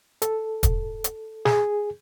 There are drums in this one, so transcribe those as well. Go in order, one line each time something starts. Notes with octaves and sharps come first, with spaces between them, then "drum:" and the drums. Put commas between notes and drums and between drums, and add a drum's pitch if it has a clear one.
A4, drum: hi-hat
drum: kick, hi-hat
drum: hi-hat
G#4, drum: snare